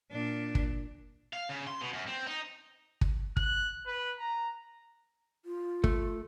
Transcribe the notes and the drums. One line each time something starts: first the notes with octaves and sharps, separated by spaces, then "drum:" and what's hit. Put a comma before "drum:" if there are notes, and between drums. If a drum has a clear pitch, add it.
A#2 D4
drum: kick
F5
C#3
C6
B2
F#2
C4
D#4
drum: kick
F#6, drum: kick
B4
A#5
F4
A3, drum: kick